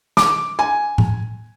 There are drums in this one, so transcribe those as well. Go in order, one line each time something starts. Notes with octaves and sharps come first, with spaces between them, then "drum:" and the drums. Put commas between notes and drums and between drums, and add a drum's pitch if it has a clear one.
D6, drum: snare
G#5
drum: tom A2